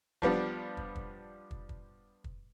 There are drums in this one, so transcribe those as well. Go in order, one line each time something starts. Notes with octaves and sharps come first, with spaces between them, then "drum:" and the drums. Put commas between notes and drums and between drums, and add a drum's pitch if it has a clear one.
F3 G3 B3 D4, drum: kick
drum: kick
drum: kick
drum: kick
drum: kick
drum: kick